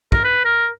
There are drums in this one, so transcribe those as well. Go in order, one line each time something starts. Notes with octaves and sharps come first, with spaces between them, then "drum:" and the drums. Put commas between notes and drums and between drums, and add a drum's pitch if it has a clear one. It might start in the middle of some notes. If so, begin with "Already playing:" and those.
A#4, drum: kick
B4
A#4